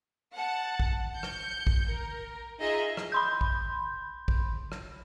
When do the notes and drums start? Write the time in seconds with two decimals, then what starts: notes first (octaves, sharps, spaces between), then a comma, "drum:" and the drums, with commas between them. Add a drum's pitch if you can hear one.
0.33 F#5 A5
0.80 drum: kick A#1
1.13 G6 C#7
1.23 drum: rim click
1.67 drum: kick A#1
1.88 A#4
2.60 D#4 F4 G#4 D#5 E5
2.97 drum: rim click
3.12 B5 C6 G6
3.41 drum: kick A#1
4.28 drum: kick A#1
4.72 drum: rim click